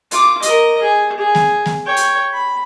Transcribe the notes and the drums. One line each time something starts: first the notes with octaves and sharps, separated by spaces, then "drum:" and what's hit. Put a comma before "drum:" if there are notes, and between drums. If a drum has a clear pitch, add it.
F4 D6, drum: hi-hat
A#4 D#5, drum: hi-hat
G#4
G#4
drum: snare A3
drum: snare A3
C#5 G5
drum: hi-hat
B5